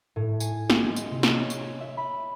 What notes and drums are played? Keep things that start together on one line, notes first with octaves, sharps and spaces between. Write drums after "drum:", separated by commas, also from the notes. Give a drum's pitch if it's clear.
A2
G#5, drum: tambourine
drum: snare
G#3
drum: tambourine
C3
drum: snare
C#5
drum: tambourine
E5
B5